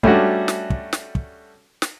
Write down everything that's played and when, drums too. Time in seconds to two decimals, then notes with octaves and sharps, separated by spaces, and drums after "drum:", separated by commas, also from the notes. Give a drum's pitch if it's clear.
0.03 G3 A3 C#4 D4 F#4, drum: kick
0.48 drum: snare
0.70 drum: kick
0.93 drum: snare
1.15 drum: kick
1.82 drum: snare